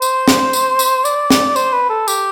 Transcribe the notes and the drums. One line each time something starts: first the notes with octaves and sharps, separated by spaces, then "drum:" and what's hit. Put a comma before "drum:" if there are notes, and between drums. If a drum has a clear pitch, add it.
C5, drum: tambourine
drum: snare
drum: tambourine
drum: tambourine
D5, drum: tambourine
drum: snare
C5, drum: tambourine
B4
A4
G4, drum: tambourine